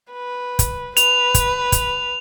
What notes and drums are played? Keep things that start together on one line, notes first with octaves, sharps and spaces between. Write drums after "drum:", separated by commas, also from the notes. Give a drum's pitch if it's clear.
B4
drum: kick, hi-hat
B4 F7, drum: hi-hat
drum: kick, hi-hat
drum: kick, hi-hat